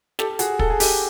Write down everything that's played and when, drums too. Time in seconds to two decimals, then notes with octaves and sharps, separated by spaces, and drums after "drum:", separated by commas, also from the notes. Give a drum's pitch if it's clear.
0.19 G4 A4, drum: snare
0.39 F#4 G#4, drum: hi-hat
0.59 A4, drum: kick
0.70 G#4
0.80 G4 A4, drum: open hi-hat